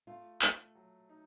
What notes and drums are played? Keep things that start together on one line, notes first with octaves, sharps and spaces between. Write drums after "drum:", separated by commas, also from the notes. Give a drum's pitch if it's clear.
A3 F4
A3, drum: clap
F#3
D#4